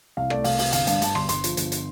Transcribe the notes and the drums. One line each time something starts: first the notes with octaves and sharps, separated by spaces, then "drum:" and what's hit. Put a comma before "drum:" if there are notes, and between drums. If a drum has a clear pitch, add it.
C2 F5
A3 D5, drum: rim click
C2 F5, drum: open hi-hat
C3 F5, drum: open hi-hat
G1 F5, drum: hi-hat
G2 F5, drum: hi-hat
G2 A5, drum: hi-hat
G1 C6, drum: rim click
G1 C6, drum: hi-hat
F3, drum: hi-hat
G1, drum: hi-hat
drum: hi-hat